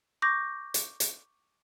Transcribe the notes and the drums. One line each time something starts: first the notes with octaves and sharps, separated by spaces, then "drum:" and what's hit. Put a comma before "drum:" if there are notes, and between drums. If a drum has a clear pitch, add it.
C#6 D6 G6 A#6
drum: hi-hat
drum: hi-hat